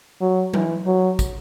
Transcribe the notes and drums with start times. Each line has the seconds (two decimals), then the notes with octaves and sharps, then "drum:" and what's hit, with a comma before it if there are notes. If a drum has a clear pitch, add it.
0.21 F#3
0.54 E3, drum: tom F#3
0.86 F#3
1.19 drum: kick, tambourine